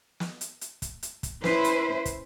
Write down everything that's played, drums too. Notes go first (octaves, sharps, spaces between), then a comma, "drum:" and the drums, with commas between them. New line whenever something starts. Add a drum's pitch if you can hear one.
drum: snare
drum: hi-hat
drum: hi-hat
drum: kick, hi-hat
drum: hi-hat
drum: kick, hi-hat
C#4 E4 B4 C5, drum: snare
drum: hi-hat
drum: kick, hi-hat